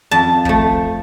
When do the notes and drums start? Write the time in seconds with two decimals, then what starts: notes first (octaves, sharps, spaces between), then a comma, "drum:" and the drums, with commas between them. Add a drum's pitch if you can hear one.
0.11 F2 A5
0.45 F3 A3, drum: kick